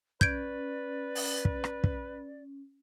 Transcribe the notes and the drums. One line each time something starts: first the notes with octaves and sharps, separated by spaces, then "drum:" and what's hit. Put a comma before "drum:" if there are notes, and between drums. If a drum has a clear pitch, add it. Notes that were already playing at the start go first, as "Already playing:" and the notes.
C#4 B4 D5 G6 G#6 D7, drum: kick
drum: open hi-hat
drum: kick
drum: rim click
drum: kick